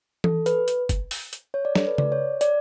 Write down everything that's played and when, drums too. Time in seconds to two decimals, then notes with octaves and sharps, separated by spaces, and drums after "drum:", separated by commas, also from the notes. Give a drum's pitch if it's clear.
0.24 A4, drum: tom E3
0.46 B4, drum: hi-hat
0.68 drum: hi-hat
0.89 drum: kick, hi-hat
1.11 drum: open hi-hat
1.33 drum: hi-hat
1.54 C#5
1.65 D5
1.75 A4, drum: snare
1.88 B4
1.98 D5, drum: tom C#3
2.12 C#5
2.41 D5, drum: hi-hat